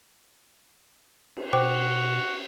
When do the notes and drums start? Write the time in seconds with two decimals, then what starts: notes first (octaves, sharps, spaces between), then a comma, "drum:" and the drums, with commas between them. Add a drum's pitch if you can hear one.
1.37 drum: cymbal
1.53 B2 F#4 C5 G5 D6